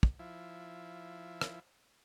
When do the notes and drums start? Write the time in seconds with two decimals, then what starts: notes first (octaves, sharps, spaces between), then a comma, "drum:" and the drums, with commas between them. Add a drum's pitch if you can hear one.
0.03 drum: kick
0.19 F3 E4
1.41 drum: rim click